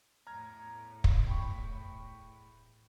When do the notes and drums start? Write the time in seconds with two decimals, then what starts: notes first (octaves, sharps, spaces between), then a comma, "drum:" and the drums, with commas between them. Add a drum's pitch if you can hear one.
0.27 E2 A2 A#5 F6 G#6
1.04 drum: kick
1.27 G5 B5 C#6